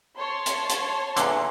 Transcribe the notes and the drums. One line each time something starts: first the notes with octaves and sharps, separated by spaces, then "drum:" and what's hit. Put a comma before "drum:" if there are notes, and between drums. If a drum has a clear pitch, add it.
C#5 A5 C6
drum: hi-hat
drum: hi-hat
E2 A#2 D3, drum: hi-hat